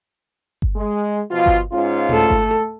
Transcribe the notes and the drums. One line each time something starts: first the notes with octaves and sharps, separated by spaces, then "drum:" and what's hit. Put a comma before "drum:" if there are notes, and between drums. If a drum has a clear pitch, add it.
drum: kick G1
G#3
B2 F3 F4
drum: kick G1
G#2 C#4 F4
A3 A4, drum: tom A2
drum: kick G1